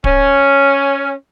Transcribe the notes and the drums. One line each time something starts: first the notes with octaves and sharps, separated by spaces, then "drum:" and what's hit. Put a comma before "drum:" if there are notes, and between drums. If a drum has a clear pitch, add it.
C#4, drum: kick D1